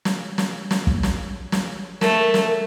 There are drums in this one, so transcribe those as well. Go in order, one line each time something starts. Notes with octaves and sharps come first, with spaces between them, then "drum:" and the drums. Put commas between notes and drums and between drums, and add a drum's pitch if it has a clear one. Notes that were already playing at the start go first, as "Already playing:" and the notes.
drum: snare
drum: snare
drum: snare
drum: kick
drum: snare
drum: snare
A3 A#4, drum: snare
drum: snare